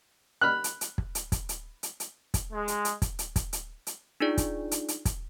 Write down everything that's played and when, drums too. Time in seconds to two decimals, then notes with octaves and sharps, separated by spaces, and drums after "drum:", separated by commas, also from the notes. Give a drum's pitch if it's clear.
0.41 B5 F6 F#6
0.64 drum: hi-hat
0.81 drum: hi-hat
0.98 drum: kick
1.15 drum: hi-hat
1.32 drum: kick, hi-hat
1.49 drum: hi-hat
1.83 drum: hi-hat
2.00 drum: hi-hat
2.34 drum: kick, hi-hat
2.51 G#3
2.68 drum: hi-hat
2.85 drum: hi-hat
3.02 drum: kick, hi-hat
3.19 drum: hi-hat
3.36 drum: kick, hi-hat
3.53 drum: hi-hat
3.87 drum: hi-hat
4.20 D4 D#4 F4 G#4 D5
4.38 drum: kick, hi-hat
4.71 drum: hi-hat
4.88 drum: hi-hat
5.05 drum: kick, hi-hat